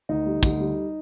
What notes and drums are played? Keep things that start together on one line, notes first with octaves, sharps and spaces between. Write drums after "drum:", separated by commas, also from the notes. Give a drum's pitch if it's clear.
D2 D#4
G3
D2, drum: kick, tambourine
G3